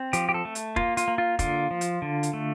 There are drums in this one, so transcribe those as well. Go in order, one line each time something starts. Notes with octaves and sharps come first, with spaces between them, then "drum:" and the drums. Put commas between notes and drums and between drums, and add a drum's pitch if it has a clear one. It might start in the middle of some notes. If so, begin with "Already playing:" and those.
Already playing: C4
F3 G4, drum: hi-hat
G4
A4
A3
drum: hi-hat
A#3 F4, drum: kick
F4, drum: hi-hat
A#3
F4
D3 F4, drum: kick, hi-hat
F3
drum: hi-hat
D3
drum: hi-hat
A3